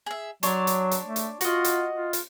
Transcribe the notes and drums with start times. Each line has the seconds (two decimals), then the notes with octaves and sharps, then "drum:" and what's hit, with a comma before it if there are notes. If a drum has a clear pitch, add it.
0.06 G#4 E5
0.43 F#3 D4 C#5 C6, drum: hi-hat
0.67 drum: hi-hat
0.91 drum: hi-hat
1.05 A3
1.16 drum: hi-hat
1.41 F4 F#4 D#5, drum: hi-hat
1.64 drum: hi-hat
1.92 F4
2.13 drum: hi-hat